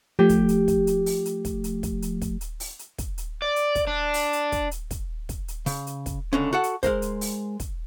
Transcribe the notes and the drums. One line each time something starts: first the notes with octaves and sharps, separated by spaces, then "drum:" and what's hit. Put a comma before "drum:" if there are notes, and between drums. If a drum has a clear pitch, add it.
F3 A3 G4
drum: kick, hi-hat
drum: hi-hat
drum: kick, hi-hat
drum: hi-hat
drum: open hi-hat
drum: hi-hat
drum: kick, hi-hat
drum: hi-hat
drum: kick, hi-hat
drum: hi-hat
drum: kick, hi-hat
drum: hi-hat
drum: open hi-hat
drum: hi-hat
drum: kick, hi-hat
drum: hi-hat
D5
drum: hi-hat
drum: kick, hi-hat
D4
drum: open hi-hat
drum: hi-hat
drum: kick, hi-hat
drum: hi-hat
drum: kick, hi-hat
drum: kick, hi-hat
drum: hi-hat
C#3, drum: open hi-hat
drum: hi-hat
drum: kick, hi-hat
C#2 D3 C#4
F#4 A4 F#5
drum: hi-hat
G#3 A#4 C5, drum: kick, hi-hat
drum: hi-hat
drum: open hi-hat
drum: kick, hi-hat